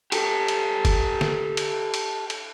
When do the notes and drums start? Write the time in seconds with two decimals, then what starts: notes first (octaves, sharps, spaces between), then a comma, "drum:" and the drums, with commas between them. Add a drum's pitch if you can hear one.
0.12 G4 A4, drum: cymbal
0.48 drum: cymbal
0.85 drum: kick F#1, cymbal
1.21 drum: snare
1.57 drum: cymbal
1.94 drum: cymbal
2.30 drum: cymbal